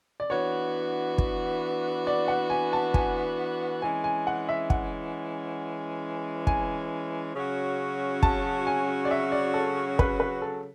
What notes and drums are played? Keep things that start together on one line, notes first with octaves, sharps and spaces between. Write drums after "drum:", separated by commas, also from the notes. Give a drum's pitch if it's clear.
D5
E3 B3 D4 F#4 C#5
drum: kick
D5
F#5
G#5
A5
G#5, drum: kick
E3 G#3 C#4 G#5
G#5
F#5
E5
F#5, drum: kick
G#5, drum: kick
C#3 F#3 C#4 F#4
A5, drum: kick
G#5
D5
E5
D5
A4
B4, drum: kick
B4
A4